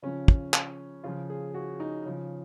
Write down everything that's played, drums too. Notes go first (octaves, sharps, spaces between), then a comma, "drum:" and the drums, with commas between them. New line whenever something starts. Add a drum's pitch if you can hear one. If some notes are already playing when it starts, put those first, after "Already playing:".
C#3 F3 C#4
drum: kick
drum: clap
C#3 F3 F4
G#4
F#4
D#4
C#3 F3